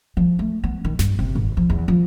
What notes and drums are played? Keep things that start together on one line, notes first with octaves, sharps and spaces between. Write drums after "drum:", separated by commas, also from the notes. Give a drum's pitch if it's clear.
F3
A3
B3
D#3
G2, drum: snare
C3, drum: kick F#1
G#1
F3
E2
F3